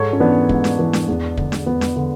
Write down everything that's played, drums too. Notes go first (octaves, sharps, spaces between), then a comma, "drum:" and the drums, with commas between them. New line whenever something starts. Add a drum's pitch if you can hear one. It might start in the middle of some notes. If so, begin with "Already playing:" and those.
Already playing: G#2 A4 C#5
C#4
E3 B3 D4
G#2, drum: kick
drum: snare D4
E3
drum: snare D4
E2
D3, drum: kick
drum: snare D4
E2 B3
drum: snare D4
D3